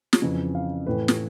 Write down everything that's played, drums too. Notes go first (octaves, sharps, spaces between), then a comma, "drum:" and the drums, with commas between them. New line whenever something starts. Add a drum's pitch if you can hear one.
drum: snare
F2 C#3 E3
F5
A2 E3 A3 B4
drum: snare